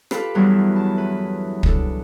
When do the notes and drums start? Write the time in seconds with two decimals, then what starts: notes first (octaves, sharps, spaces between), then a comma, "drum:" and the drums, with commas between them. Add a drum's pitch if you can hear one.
0.11 F4 G4 A4 B4 F5, drum: rim click
0.35 E2 G2 F#3 G3 E4
0.76 A5
0.98 B4
1.63 D4 A4, drum: kick